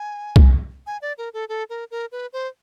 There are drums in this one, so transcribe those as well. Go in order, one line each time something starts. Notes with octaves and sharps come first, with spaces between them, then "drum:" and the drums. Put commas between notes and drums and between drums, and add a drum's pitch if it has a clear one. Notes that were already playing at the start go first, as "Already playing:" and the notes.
Already playing: G#5
drum: kick C2
G#5
D5
A#4
A4
A4
A#4
A#4
B4
C5